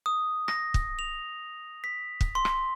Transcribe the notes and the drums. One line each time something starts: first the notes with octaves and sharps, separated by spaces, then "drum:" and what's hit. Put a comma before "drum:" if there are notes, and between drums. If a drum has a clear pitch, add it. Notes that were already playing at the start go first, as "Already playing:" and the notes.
D#6
A#6, drum: rim click
drum: kick
F7
B6
drum: kick
C6
drum: rim click